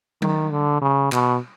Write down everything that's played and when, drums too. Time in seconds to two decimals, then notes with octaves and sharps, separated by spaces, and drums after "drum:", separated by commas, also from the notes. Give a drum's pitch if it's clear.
0.22 D#3, drum: tom F#3
0.52 D3
0.82 C#3
1.12 B2, drum: clap